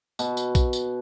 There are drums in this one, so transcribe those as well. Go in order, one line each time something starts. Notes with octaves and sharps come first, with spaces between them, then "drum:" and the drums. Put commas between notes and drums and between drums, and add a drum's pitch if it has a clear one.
B2, drum: tambourine
drum: tambourine
drum: kick A#1, tambourine
drum: tambourine